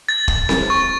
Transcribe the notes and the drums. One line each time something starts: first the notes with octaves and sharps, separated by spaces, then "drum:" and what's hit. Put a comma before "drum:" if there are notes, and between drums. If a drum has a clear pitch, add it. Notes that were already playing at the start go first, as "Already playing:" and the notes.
A6
drum: kick
drum: snare C4
C#6